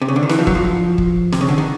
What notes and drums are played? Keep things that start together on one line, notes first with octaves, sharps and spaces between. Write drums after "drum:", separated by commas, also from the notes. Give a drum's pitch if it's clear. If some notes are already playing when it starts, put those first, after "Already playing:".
C3
C#3
D3
D#3
E3, drum: snare
F3
F#3, drum: kick
F3
drum: kick
C3, drum: snare
C#3
D3
D#3